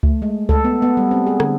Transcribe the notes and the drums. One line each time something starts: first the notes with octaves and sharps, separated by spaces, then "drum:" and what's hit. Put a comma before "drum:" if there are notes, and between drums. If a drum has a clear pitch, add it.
A3, drum: kick C#2
G#3
A4, drum: kick C#2
B3
B3
G3
C4
G#4
D3, drum: rim click